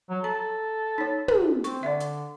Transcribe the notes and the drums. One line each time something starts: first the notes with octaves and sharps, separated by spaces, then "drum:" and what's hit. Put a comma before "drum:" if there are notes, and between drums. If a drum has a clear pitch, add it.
F#3
A4 A#5
D#4 C#5
drum: tom
C4 C#6, drum: hi-hat
D3 D5 E5
drum: hi-hat